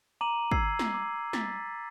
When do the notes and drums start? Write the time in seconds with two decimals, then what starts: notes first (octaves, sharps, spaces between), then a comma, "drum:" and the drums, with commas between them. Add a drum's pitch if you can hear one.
0.21 A#5 D6 D#7 F#7
0.51 E6 G#6 C7, drum: kick
0.79 drum: snare
0.94 D6
1.33 A6 B6, drum: snare